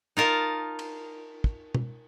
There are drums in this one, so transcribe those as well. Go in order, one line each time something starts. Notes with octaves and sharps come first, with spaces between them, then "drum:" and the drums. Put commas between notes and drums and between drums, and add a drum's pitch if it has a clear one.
D#4 F4 A#4 A5
drum: cymbal
drum: kick
drum: tom